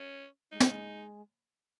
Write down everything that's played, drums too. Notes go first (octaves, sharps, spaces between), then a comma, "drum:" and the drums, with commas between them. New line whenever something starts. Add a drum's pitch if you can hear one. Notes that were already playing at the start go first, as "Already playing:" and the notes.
Already playing: C#4
G#3 D#4
F#3, drum: snare
G#3